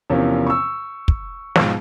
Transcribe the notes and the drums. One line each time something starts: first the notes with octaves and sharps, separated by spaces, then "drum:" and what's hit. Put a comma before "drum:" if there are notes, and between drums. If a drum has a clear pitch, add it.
E2 C3 E3 F3 A#3 C#4
C#6 E6
drum: kick
G#2 B2 F3, drum: snare